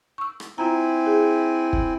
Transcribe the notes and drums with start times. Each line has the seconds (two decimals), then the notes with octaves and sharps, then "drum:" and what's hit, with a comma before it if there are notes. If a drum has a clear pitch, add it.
0.18 C#6 E6
0.40 drum: rim click
0.58 C4 E4 F4 G#5 A#5
1.06 G#4
1.73 drum: kick